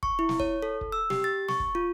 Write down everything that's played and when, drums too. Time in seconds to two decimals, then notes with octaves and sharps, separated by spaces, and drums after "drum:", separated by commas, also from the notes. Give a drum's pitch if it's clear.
0.03 C#6, drum: kick
0.19 E4
0.29 drum: snare
0.40 C#5, drum: kick
0.62 A4
0.81 drum: kick
0.92 E6
1.10 G4, drum: snare
1.24 A6
1.49 C#6, drum: snare
1.60 drum: kick
1.75 F4